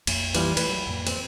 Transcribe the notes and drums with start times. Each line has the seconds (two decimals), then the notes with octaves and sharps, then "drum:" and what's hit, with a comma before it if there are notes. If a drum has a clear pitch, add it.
0.07 A#1 F2 A#3, drum: cymbal
0.35 E3 G3 F4, drum: cymbal
0.57 A3 B4, drum: cymbal
0.69 F#3
0.87 F2 A2 A#3
1.07 C4, drum: cymbal